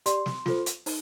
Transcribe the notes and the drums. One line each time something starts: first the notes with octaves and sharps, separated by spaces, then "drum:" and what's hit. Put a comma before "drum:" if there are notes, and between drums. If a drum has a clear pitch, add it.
G4 D5 C6, drum: hi-hat
drum: snare
F4 A4 C5, drum: snare
drum: hi-hat
D#4, drum: open hi-hat